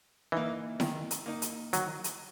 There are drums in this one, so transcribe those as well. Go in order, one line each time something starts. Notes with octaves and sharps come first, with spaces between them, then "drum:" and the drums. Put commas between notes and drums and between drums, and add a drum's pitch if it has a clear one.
E3 A#3 D#4
D#3, drum: snare E4
drum: hi-hat
A#3 D#4
drum: hi-hat
D#3 F#3, drum: hi-hat
drum: hi-hat